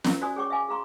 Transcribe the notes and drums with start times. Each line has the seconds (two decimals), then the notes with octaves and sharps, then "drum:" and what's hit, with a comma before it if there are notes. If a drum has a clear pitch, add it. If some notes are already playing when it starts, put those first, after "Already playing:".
0.04 C#4 A#4 E5, drum: snare
0.21 F#4 C5 D5 G#5 D#6
0.36 G#4 C#5 G5 C#6 D6
0.50 E5 F5 G#5 D6
0.69 G#4 F5 A#5 C6 C#6